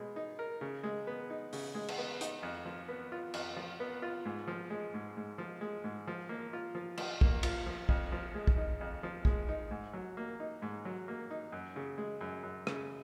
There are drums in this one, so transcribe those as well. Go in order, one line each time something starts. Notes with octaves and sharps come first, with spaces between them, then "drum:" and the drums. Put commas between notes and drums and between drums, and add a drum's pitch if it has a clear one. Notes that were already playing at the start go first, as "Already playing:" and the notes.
Already playing: B2 G#3
D#4
A#4
C#3
G#3
B3
D#4
C#3, drum: open hi-hat
G#3
drum: cymbal
B3
D#4, drum: hi-hat
F2
F3
B3
F4
F2, drum: cymbal
F3
B3
F4
G#2
F3
G#3
G#2
G#2
F3
G#3
G#2
F3
A#3
F4
F3
F3, drum: cymbal
A#3, drum: kick
F4, drum: cymbal
F3
F2, drum: kick
F3
G#3
drum: kick
D#4
F2
F3
G#3, drum: kick
D#4
G#2
F#3
A#3
D#4
G#2
F#3
A#3
D#4
F#2
C#3
G#3
F#2
F#2
C#3, drum: rim click